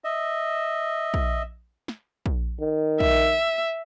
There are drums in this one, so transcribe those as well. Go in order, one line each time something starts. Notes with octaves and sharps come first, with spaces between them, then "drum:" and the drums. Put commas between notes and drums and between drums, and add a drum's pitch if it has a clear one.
D#5 E5
drum: kick A#1
drum: snare
drum: kick A#1
D#3
E5, drum: kick A#1